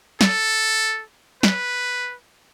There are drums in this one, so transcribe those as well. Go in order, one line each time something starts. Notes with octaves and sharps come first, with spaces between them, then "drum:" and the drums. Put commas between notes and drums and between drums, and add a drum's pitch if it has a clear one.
A4, drum: snare
B4, drum: snare